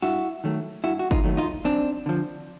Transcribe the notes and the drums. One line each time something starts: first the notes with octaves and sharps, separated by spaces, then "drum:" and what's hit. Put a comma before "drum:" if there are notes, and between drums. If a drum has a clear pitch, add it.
G2 E4 F#4, drum: open hi-hat
D#3 F#3 A3
G2 E4 F#4
F#4
D#4 F4, drum: kick
D#3 F#3 A3
D#4 F4
F#2 C4 D4
D3 F3